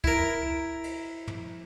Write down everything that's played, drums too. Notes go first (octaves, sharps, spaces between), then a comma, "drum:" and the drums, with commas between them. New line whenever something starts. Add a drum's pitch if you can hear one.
E4 A#4, drum: kick
drum: cymbal
drum: tom